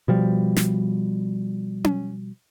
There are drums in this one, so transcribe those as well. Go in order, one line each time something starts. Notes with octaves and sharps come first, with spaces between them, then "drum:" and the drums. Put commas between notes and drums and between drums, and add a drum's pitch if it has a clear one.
B2 F3 G3
drum: snare
drum: tom C#4